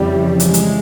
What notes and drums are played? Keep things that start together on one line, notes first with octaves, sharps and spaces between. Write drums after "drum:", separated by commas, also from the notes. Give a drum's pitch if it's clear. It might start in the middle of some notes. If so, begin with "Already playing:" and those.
Already playing: F2 C#3 E3 G3
G#3, drum: hi-hat
drum: hi-hat